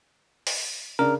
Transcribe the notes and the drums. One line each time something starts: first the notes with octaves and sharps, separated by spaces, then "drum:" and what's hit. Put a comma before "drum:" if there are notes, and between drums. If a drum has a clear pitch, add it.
drum: open hi-hat
C#3 D4 A#4